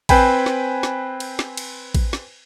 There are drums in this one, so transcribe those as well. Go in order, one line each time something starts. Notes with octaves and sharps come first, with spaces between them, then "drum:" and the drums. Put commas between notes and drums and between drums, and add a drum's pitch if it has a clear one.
C4 B4 C5 G5 G#5 B5, drum: kick A1, cymbal
drum: snare
drum: snare
drum: cymbal
drum: snare
drum: cymbal
drum: kick A1, cymbal
drum: snare